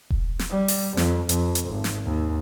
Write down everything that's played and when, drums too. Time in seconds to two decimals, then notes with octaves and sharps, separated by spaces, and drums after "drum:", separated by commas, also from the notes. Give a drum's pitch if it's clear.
0.10 drum: kick E1
0.39 drum: snare
0.51 G3
0.68 drum: open hi-hat
0.97 F2, drum: snare
1.29 F2, drum: hi-hat
1.55 drum: hi-hat
1.70 G#1
1.84 drum: snare
2.06 D#2